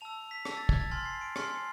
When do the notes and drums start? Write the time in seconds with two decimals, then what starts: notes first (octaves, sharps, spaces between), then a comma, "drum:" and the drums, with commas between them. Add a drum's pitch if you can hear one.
0.01 A5 E6 F7
0.31 B6
0.45 A5 E6 B6, drum: rim click
0.57 A6
0.69 G#6, drum: kick
0.80 A6
0.91 G#5 C6 F6 A6
1.06 C7
1.21 D7
1.36 G#5 C6 F6 C7, drum: rim click
1.50 C7